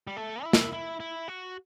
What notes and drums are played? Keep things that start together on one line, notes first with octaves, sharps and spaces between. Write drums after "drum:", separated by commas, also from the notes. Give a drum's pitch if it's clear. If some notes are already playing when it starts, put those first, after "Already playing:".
G3
A3
E4
drum: snare
E4
E4
F#4